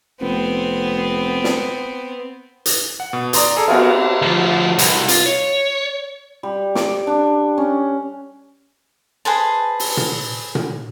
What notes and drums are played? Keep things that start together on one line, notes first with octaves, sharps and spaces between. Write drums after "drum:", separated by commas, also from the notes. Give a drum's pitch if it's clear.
F1 B3 C4
drum: snare
drum: hi-hat
F#5
B2
D5 A#5 C6 D#6, drum: hi-hat
G#4 A4 D5 A#5
B3 C4 F#4 G#4 A#4, drum: cymbal
D2 F3
C2, drum: hi-hat
F4, drum: hi-hat
C#5
G3
D6, drum: snare
D4
C#4
G#4 B4 C5 A5
drum: open hi-hat
drum: tom A#2
drum: tom A#2